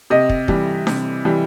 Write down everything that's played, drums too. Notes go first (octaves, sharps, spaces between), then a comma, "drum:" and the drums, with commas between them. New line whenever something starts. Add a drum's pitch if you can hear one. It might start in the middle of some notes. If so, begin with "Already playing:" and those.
C3 D#5
drum: kick
E3 G3, drum: kick
C3, drum: snare D4
E3 G3